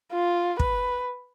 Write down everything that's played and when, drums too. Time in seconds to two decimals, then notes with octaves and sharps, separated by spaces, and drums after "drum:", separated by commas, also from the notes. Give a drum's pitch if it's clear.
0.13 F4
0.60 B4, drum: kick